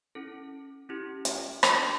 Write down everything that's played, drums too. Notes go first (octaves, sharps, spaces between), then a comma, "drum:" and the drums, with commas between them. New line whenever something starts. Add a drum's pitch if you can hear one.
C#4 E4 A4
C#4 E4 G4
drum: hi-hat
D4 F#4 A4 D6, drum: rim click